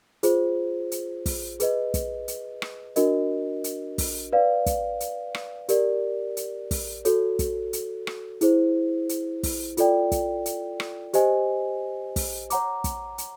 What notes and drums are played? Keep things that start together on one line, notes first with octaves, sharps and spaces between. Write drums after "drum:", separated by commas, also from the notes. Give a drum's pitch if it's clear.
F4 G#4 C5, drum: hi-hat
drum: hi-hat
drum: kick, open hi-hat
G#4 B4 D#5, drum: hi-hat
drum: kick, hi-hat
drum: hi-hat
drum: rim click
D4 F#4 A#4 D#5, drum: hi-hat
drum: hi-hat
drum: kick, open hi-hat
B4 D5 F5
drum: kick, hi-hat
drum: hi-hat
drum: rim click
G4 A#4 D5, drum: hi-hat
drum: hi-hat
drum: kick, open hi-hat
F#4 A4 C#5, drum: hi-hat
drum: kick, hi-hat
drum: hi-hat
drum: rim click
E4 G#4 C5, drum: hi-hat
drum: hi-hat
drum: kick, open hi-hat
F4 A4 D5 G5, drum: hi-hat
drum: kick, hi-hat
drum: hi-hat
drum: rim click
G4 C5 D#5 G#5, drum: hi-hat
drum: kick, open hi-hat
C#5 F#5 A#5 D6, drum: hi-hat
drum: kick, hi-hat
drum: hi-hat